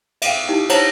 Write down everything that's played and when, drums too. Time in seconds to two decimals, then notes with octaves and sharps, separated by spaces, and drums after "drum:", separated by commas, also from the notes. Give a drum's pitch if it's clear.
0.22 E5 F5 G5, drum: cymbal
0.48 D#4 E4 G4 G5
0.69 D4 C5 C#5 F#5 A5 A#5, drum: cymbal